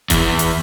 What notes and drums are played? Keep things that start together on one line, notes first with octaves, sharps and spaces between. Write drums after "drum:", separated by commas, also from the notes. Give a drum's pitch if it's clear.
E2, drum: kick F1, hi-hat
drum: hi-hat